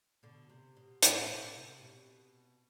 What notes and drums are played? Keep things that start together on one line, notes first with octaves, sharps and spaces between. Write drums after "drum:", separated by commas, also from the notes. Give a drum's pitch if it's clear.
B2 D3
C3
B2
A2, drum: hi-hat
B2
C3
B2